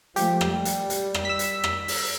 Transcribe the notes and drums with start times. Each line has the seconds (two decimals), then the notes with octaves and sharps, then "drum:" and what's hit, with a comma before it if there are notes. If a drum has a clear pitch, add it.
0.16 F3 A3 G4, drum: hi-hat
0.41 drum: rim click
0.50 G3
0.65 drum: hi-hat
0.90 drum: hi-hat
1.14 drum: rim click
1.25 E6 B6
1.39 drum: hi-hat
1.64 drum: rim click
1.88 drum: open hi-hat